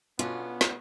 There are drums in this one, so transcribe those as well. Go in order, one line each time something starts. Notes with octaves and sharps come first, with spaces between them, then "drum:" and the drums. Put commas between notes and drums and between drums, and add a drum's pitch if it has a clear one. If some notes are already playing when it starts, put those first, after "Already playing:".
B2 D3 B3 C#4 F4, drum: hi-hat
drum: snare